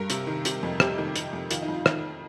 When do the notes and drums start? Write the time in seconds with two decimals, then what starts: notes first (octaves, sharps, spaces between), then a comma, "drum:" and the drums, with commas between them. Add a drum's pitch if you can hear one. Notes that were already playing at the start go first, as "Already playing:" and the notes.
Already playing: G2 A#4
0.10 C3, drum: hi-hat
0.27 D#3
0.45 C3, drum: hi-hat
0.63 F2
0.80 C3 G4, drum: rim click
0.98 D#3
1.16 C3, drum: hi-hat
1.33 F2
1.51 D#3 F4, drum: hi-hat
1.62 D#4
1.68 F2
1.74 F4
1.86 D#3, drum: rim click